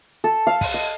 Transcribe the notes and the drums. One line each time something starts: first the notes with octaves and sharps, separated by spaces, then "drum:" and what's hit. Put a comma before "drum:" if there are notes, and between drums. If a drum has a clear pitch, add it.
A4
F5
drum: kick, open hi-hat
D#5